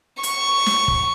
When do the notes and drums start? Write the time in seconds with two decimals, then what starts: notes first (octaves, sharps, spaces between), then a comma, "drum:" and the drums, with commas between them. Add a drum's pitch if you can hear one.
0.23 C#6, drum: hi-hat
0.66 drum: snare
0.88 drum: kick